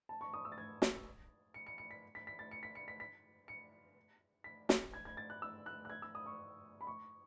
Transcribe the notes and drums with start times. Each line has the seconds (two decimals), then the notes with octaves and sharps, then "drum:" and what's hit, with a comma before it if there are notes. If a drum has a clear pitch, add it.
0.09 A5
0.21 C#6
0.34 D#6
0.45 E6
0.52 A6
0.58 G#6
0.82 drum: snare
1.54 C#7
1.67 C#7
1.78 C#7
1.91 B6
2.15 B6
2.27 B6
2.39 A6
2.51 C#7
2.63 B6
2.75 C#7
2.88 B6
3.00 B6
3.48 C#7
4.44 B6
4.69 drum: snare
4.94 G#6
5.05 G#6
5.17 A6
5.30 F#6
5.42 E6
5.66 F#6
5.85 F#6
5.90 G#6
6.02 E6
6.15 D#6
6.26 C#6
6.81 B5
6.87 C#6